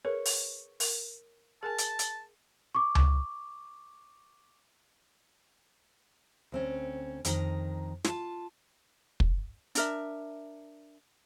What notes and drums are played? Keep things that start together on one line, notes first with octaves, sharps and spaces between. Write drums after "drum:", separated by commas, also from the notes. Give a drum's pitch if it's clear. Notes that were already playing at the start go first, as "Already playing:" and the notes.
G#4 A#4 B4 C#5
drum: open hi-hat
A#4, drum: open hi-hat
G#4 A#4 G#5 A5
drum: hi-hat
drum: hi-hat
C#6 D6
drum: tom C#2
D2 C4 C#4
F2 D#3 G4 A#5, drum: hi-hat
F4 A5, drum: snare
drum: kick
D4 A#4 E5, drum: hi-hat